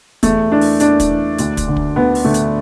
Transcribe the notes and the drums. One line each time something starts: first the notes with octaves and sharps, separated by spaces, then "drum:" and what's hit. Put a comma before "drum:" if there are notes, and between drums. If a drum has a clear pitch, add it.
E2 A3, drum: kick, hi-hat
E3 D4
drum: open hi-hat
E2 D4, drum: hi-hat
drum: kick, hi-hat
E3
D2, drum: hi-hat
drum: kick, hi-hat
D3
drum: kick
D2 B3
drum: open hi-hat
D3 A3
drum: hi-hat